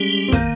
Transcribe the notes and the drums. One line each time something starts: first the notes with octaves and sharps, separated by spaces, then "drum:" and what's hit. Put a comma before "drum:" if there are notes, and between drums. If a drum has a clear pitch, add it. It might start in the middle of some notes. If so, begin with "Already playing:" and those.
Already playing: G3 G#3 C#4 G4
C4
D#3 A#3, drum: kick, hi-hat